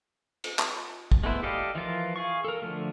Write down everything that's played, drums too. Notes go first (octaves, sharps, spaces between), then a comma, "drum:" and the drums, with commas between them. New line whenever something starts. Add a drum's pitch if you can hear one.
drum: cymbal
drum: clap
drum: kick
G#3 A3 B3 E4 C5
G4 A4 D5 D#5 F5
E3 F3 F4 A#4
G#4 F5 C#6
A4 A#4
D3 F3 A3